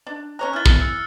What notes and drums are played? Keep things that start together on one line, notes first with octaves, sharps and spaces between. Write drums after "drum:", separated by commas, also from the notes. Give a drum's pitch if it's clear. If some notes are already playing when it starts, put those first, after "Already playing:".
D4
C#4 C#5 A#5 F#6
E3 E4 F6 A6
drum: kick
E6 C#7